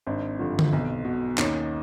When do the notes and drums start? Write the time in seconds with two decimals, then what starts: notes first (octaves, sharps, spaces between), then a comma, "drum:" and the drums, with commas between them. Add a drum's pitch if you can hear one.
0.07 G#1 C4 D4
0.39 G2 D3 F3
0.59 drum: tom D3
0.73 B1
1.05 B2
1.38 D#2 C#4 D#4, drum: clap